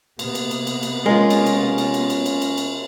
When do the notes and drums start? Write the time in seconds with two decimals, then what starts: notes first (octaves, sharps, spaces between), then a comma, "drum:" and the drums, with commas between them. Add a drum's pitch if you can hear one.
0.19 C3 A#3 B3, drum: cymbal
0.35 drum: cymbal
0.51 drum: cymbal
0.67 drum: cymbal
0.83 drum: cymbal
1.06 G#3 C#4 F4 A#4
1.30 drum: cymbal
1.46 drum: cymbal
1.78 drum: cymbal
1.94 drum: cymbal
2.10 drum: cymbal
2.26 drum: cymbal
2.42 drum: cymbal
2.58 drum: cymbal